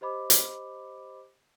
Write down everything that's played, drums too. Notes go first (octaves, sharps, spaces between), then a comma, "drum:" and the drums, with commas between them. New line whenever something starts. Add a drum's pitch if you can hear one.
G4 C5 D#5 B5 D6
drum: hi-hat